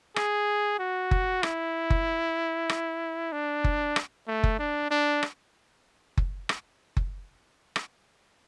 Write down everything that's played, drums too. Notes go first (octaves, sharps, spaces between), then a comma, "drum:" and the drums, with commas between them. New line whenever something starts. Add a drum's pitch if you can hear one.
G#4, drum: rim click
F#4
drum: kick F#1
E4, drum: rim click
drum: kick F#1
drum: rim click
D4
drum: kick F#1
drum: rim click
A3
drum: kick F#1
D4
D4
drum: rim click
drum: kick F#1
drum: rim click
drum: kick F#1
drum: rim click